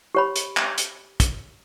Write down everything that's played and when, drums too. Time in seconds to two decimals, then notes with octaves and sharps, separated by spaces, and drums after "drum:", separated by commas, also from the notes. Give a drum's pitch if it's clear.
0.15 G4 C#5 B5
0.36 drum: hi-hat
0.57 drum: clap
0.78 drum: hi-hat
1.20 drum: kick, hi-hat